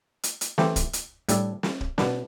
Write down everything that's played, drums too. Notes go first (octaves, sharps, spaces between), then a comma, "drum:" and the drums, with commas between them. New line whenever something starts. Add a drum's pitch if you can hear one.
drum: hi-hat
drum: hi-hat
E3 A3 C4 E4 G4, drum: snare
drum: kick, hi-hat
drum: hi-hat
A2 G3 D4 A4, drum: hi-hat
drum: snare
drum: kick
B2 B3 D4, drum: snare